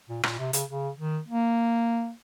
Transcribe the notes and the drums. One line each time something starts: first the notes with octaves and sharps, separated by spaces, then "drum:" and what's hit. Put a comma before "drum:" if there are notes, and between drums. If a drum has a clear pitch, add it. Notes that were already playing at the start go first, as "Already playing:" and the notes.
A#2
A#2, drum: rim click
C3
C#3, drum: hi-hat
C#3
D#3
A#3